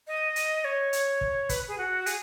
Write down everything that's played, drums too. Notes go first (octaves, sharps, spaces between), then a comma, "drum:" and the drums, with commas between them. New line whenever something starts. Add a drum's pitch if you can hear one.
D#5
drum: hi-hat
C#5
drum: hi-hat
drum: kick
B4, drum: kick, hi-hat
G#4
F#4
G#4, drum: hi-hat